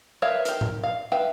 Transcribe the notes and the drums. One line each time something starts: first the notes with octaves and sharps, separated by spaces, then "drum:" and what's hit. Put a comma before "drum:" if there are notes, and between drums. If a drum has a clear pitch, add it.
A#4 B4 C#5 E5 F5
G4 A#4, drum: hi-hat
drum: tom A2
F5
B4 E5 F5 G5